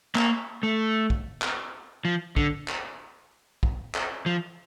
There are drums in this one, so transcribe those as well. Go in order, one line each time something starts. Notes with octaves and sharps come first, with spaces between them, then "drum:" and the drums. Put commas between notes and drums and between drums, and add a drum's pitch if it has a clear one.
A#3, drum: clap
A3
drum: kick
drum: clap
F3
D3, drum: kick
drum: clap
drum: kick
drum: clap
F3